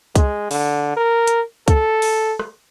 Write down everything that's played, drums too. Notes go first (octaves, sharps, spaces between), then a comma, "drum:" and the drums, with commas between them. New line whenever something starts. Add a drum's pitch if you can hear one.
G#3, drum: kick C2, hi-hat
D3, drum: open hi-hat
A#4
drum: hi-hat
A4, drum: kick C2, hi-hat
drum: open hi-hat
drum: rim click